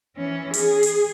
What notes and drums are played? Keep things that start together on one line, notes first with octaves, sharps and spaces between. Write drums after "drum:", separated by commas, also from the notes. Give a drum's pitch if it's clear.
E3 C#4
G#4, drum: hi-hat
drum: hi-hat